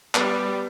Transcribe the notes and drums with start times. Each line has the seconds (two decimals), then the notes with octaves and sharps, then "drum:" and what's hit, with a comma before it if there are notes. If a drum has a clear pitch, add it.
0.15 G3 B3, drum: clap